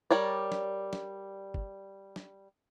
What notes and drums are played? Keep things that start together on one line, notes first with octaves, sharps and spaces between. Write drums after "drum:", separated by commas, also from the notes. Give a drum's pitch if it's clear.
G3 A#4 C#5 D5
drum: snare
drum: snare
drum: kick
drum: snare